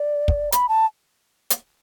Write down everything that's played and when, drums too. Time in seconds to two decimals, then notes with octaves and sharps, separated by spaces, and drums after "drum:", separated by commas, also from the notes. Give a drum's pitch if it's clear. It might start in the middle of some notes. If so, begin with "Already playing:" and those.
Already playing: D5
0.28 drum: kick
0.52 B5, drum: hi-hat
0.69 A5
1.50 drum: hi-hat